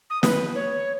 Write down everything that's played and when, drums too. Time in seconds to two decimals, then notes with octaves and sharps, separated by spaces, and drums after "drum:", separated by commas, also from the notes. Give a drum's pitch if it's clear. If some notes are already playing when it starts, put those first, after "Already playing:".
0.10 D#6
0.23 B4, drum: snare
0.55 C#5